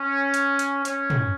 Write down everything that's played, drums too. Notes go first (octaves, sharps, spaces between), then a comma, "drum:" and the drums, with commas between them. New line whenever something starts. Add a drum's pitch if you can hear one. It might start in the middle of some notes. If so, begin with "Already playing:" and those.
Already playing: C#4
drum: hi-hat
drum: hi-hat
C#4, drum: hi-hat
drum: tom